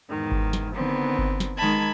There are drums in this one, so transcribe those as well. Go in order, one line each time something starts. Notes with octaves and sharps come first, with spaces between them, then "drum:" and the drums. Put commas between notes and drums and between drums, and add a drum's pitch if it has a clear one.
E2 G#2 D#3
drum: kick G1
drum: snare
D3 D#3 B3 C4
drum: kick G1
drum: snare
D#3 G#3 D#4 A5 B5 G#6